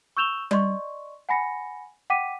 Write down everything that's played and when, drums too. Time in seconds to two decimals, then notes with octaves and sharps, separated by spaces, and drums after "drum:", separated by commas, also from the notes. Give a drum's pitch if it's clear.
0.17 C#6 E6 G6 E7 F7 G7
0.51 D5 D#5 C6 C#6, drum: tom G3
1.29 F#5 G#5 B5 A#6 C#7
2.10 F#5 G5 D6 B6 D#7